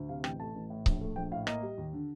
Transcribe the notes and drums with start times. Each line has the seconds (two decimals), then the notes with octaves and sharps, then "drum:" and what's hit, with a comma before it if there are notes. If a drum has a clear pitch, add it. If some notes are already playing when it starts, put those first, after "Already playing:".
Already playing: D2
0.09 C3 F5
0.24 A1 G5, drum: rim click
0.40 A3 A5
0.55 A1
0.70 A2
0.86 A#1, drum: kick C#1
1.01 A3
1.16 A#1 G5
1.31 A2 F5
1.47 A#3 D#5, drum: rim click
1.63 G3
1.78 D#2
1.93 D3